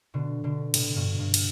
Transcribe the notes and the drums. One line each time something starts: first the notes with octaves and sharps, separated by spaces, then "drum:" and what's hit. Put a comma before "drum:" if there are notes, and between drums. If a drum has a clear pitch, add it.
B2 D3
B2 D3
A2 C3, drum: cymbal
G2 B2
G2
drum: cymbal